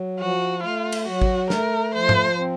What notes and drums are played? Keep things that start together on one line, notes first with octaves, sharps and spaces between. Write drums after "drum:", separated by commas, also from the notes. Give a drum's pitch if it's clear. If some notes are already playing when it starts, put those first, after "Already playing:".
Already playing: F#3
F3 F#4
A3 F4
drum: cymbal
F#3 F#4
drum: kick G#1
A3 A#4, drum: snare
F3 C5
drum: tom G#2
C4